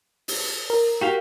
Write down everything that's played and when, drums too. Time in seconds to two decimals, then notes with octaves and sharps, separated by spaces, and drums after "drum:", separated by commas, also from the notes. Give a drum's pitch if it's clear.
0.28 drum: open hi-hat
0.70 A#4
1.01 F#4 G4 F5